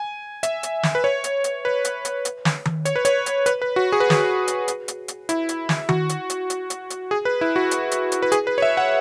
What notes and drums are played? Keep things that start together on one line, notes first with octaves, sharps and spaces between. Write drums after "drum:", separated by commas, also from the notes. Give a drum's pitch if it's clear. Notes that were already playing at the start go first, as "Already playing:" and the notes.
Already playing: G#5
E5, drum: hi-hat
drum: hi-hat
drum: snare
B4
C#5
drum: hi-hat
drum: hi-hat
B4
drum: hi-hat
drum: hi-hat
drum: hi-hat
drum: snare
drum: tom D#3
C#5, drum: hi-hat
B4
C#5, drum: hi-hat
drum: hi-hat
B4, drum: hi-hat
B4
F#4
G#4
B4
G#4, drum: snare
drum: hi-hat
drum: hi-hat
drum: hi-hat
drum: hi-hat
E4, drum: hi-hat
drum: hi-hat
drum: snare
F#4, drum: tom D#3
drum: hi-hat
drum: hi-hat
drum: hi-hat
drum: hi-hat
drum: hi-hat
G#4
B4
E4
F#4
drum: hi-hat
drum: hi-hat
drum: hi-hat
B4
G#4, drum: hi-hat
B4
C#5
E5
F#5